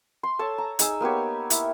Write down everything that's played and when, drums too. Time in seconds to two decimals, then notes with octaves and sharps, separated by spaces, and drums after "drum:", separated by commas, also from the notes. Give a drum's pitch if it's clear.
0.23 C6
0.39 A4 C#5 A5
0.58 A#5
0.79 D#4 G#4 E6, drum: hi-hat
1.00 A#3 B3 G4 C#5
1.50 E4, drum: hi-hat